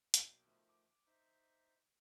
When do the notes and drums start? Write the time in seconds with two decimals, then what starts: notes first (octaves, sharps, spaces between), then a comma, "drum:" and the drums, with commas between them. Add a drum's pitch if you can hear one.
0.14 B1 A#3 G5, drum: hi-hat
0.45 D#3 F3 A3
0.69 D6
1.07 D#4 C5 E5